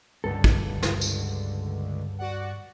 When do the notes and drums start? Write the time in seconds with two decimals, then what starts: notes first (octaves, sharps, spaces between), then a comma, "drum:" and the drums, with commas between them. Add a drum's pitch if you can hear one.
0.24 C#2 G2 D3 A4
0.44 drum: kick
0.83 drum: snare
1.01 drum: tambourine
2.19 F#4 D5 F#5